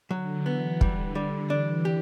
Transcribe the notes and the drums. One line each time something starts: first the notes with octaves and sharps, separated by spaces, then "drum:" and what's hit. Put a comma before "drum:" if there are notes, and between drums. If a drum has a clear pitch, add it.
D3 F#3
E3 B3
D3 G3, drum: kick
G3
E3 D4
G4